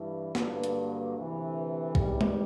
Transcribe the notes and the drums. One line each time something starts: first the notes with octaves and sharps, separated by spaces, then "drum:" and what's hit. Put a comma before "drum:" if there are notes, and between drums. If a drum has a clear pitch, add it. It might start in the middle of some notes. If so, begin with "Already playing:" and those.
Already playing: G2 E3 G3
G2 D3 F#3 A#3 B4, drum: snare
drum: hi-hat
D2 C3 E3
E2 C3 D#3 G3, drum: kick
drum: tom G#3